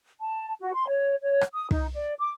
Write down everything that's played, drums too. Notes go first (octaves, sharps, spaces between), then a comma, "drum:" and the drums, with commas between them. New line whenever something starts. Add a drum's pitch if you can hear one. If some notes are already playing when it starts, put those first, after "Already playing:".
A5
F#4
C6
C#5
C#5
drum: rim click
D#6
D#4, drum: kick
D5
D6